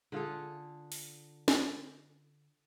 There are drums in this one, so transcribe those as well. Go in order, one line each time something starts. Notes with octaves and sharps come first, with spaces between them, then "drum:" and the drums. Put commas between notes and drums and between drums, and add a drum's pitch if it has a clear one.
D3 F4 G#4 A4
drum: open hi-hat
drum: snare